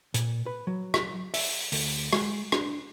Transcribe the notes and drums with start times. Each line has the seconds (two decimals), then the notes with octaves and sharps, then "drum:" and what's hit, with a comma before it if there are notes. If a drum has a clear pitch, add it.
0.14 A#2, drum: hi-hat
0.46 B4
0.67 F#3
0.94 drum: rim click
1.34 E5, drum: open hi-hat
1.72 D2, drum: open hi-hat
2.13 G#3, drum: rim click
2.52 D4, drum: rim click